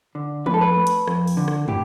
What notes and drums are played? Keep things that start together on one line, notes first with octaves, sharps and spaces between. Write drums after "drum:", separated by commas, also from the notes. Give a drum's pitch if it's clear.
D3
F2 B4, drum: tom
A4
B4
A3
drum: hi-hat
F2, drum: rim click
drum: open hi-hat
D3
drum: rim click
A2 G4, drum: tom